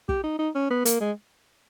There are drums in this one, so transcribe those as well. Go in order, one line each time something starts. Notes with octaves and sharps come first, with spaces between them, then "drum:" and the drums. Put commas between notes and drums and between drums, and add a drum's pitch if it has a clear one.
G4, drum: kick
D#4
D#4
C#4
B3
A#3, drum: hi-hat
G#3